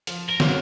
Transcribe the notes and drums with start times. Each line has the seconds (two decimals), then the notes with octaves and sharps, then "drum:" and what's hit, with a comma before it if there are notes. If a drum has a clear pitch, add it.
0.07 F3, drum: hi-hat
0.29 A#4
0.40 A#3 C#4 F#4, drum: snare